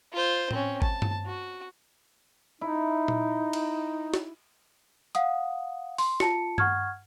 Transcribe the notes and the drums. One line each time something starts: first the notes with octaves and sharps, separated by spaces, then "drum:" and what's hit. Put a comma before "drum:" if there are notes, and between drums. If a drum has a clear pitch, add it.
F4 C5
C4 C#4, drum: tom A2
A5, drum: kick G#1
drum: tom G2
F#4
D#4 E4
drum: tom A#2
drum: cymbal
drum: snare
F5 F#5 D#6, drum: hi-hat
C6, drum: open hi-hat
F4 A5 C#7, drum: snare
F#5 C#6 F6 G#6, drum: tom G2